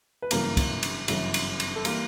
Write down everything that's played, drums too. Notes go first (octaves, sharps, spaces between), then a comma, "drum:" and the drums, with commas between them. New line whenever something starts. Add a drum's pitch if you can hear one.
B4
G1 F#2 C#3 E3 A#3 A#4, drum: cymbal
drum: kick, cymbal
drum: cymbal
G1 F#2 C#3 E3, drum: cymbal
drum: cymbal
drum: cymbal
A4
E3 G3 A#3 A#4, drum: cymbal